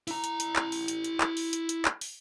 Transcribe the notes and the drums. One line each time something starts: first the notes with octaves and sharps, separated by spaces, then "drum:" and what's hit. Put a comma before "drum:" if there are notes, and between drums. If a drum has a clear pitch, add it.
E4 A#5, drum: open hi-hat
drum: hi-hat
drum: hi-hat
drum: clap
drum: open hi-hat
drum: hi-hat
drum: hi-hat
drum: clap
drum: open hi-hat
drum: hi-hat
drum: hi-hat
drum: clap
drum: open hi-hat